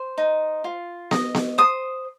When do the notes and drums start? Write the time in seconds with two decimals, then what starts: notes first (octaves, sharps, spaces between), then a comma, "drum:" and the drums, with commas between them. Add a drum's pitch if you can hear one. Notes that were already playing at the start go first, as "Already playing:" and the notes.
Already playing: C5 C6
0.18 D#4
0.64 F4
1.11 D#5, drum: snare B3
1.35 drum: snare B3
1.58 C5 D#6